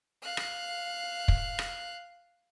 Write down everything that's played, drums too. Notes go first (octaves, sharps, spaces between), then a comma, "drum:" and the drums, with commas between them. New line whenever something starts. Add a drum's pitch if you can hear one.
F5 F#6
drum: rim click
drum: kick
drum: rim click